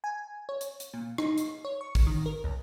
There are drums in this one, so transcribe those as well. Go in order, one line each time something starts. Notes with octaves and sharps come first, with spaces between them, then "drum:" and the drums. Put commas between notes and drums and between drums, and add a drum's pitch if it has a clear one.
G#5
C#5
drum: hi-hat
drum: hi-hat
A#2
D#4, drum: rim click
drum: hi-hat
C#5
C#6
drum: kick, open hi-hat
D#3
A#4
C#2